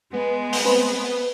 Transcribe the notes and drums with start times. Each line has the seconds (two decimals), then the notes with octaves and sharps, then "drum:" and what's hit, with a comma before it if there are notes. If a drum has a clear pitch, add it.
0.13 G#3 B3
0.53 drum: open hi-hat
0.65 C4 B4